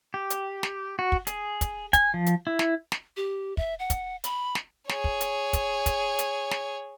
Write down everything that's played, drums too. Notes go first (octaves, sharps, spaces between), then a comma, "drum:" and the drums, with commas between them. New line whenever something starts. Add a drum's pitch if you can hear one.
G4
drum: hi-hat
drum: snare
F#4
drum: kick
G#4, drum: hi-hat
drum: kick, hi-hat
G#5, drum: kick, hi-hat
F3
drum: hi-hat
E4
drum: snare
drum: snare
G4
E5, drum: kick
F#5
drum: kick, hi-hat
B5, drum: hi-hat
drum: snare
G#4 C#5, drum: snare
drum: kick
drum: hi-hat
drum: kick, hi-hat
drum: kick, hi-hat
drum: hi-hat
drum: snare